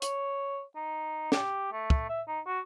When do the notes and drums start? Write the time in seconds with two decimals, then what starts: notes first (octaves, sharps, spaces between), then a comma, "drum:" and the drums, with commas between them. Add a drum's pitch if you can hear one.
0.02 C#5, drum: hi-hat
0.76 D#4
1.32 G4, drum: snare
1.73 A3
1.90 drum: kick
2.09 E5
2.28 D#4
2.47 F#4